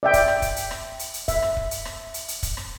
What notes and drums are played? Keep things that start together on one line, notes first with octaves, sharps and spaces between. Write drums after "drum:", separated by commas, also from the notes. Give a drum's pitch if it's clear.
D5 E5 G5
drum: kick, hi-hat
drum: rim click
drum: kick, hi-hat
drum: hi-hat
drum: rim click
drum: hi-hat
drum: hi-hat
E5, drum: kick, hi-hat
drum: rim click
drum: kick
drum: hi-hat
drum: rim click
drum: hi-hat
drum: hi-hat
drum: kick, hi-hat
drum: rim click